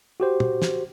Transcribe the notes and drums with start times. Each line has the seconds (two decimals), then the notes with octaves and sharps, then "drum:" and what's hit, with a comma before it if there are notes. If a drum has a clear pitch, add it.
0.20 F#4 G4 C5
0.40 drum: tom
0.62 drum: snare